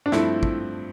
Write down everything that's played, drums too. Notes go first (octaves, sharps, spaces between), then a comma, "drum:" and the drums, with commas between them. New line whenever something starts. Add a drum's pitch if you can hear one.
D4
G2 F3 A3 C4 E4, drum: snare
drum: kick